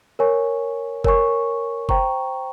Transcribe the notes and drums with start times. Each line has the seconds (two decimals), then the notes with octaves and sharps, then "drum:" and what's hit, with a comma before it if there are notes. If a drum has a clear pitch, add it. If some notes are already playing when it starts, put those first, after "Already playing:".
0.19 A#4 C#5 G#5 C#6
1.04 A#4 C#5 G#5 C#6, drum: kick F#1
1.89 C5 G5 A#5 C#6, drum: kick F#1